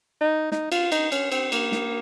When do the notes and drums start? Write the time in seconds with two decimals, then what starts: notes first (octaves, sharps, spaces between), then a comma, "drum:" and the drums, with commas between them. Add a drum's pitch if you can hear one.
0.21 D#4
0.52 D#4, drum: snare
0.72 F4, drum: cymbal
0.92 D#4, drum: cymbal
1.12 C#4, drum: cymbal
1.32 C4, drum: cymbal
1.52 A#3, drum: cymbal
1.72 drum: snare